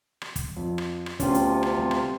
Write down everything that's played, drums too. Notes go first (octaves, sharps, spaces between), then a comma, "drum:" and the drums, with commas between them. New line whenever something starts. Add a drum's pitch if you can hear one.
drum: rim click
drum: kick, hi-hat
F2
drum: rim click
drum: rim click
D2 C3 B3 C#4 D4 F4 G4 C5, drum: kick, hi-hat
drum: hi-hat
drum: rim click
G3 C4
drum: rim click